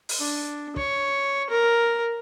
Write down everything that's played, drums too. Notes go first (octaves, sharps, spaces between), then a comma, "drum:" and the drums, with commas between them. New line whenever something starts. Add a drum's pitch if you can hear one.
drum: open hi-hat
D4
C#5, drum: kick
A#4